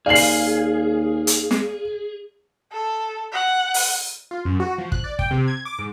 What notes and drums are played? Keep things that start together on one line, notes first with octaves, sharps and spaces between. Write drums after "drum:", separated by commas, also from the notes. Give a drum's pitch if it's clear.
D#2 G#4 D5 F5 C7 F#7
drum: open hi-hat
drum: hi-hat
drum: snare
A4
F#5
drum: open hi-hat
F4
F#2
F#4
F3
F#6, drum: kick
D5
G5, drum: kick
C3
G#6
D6
G#2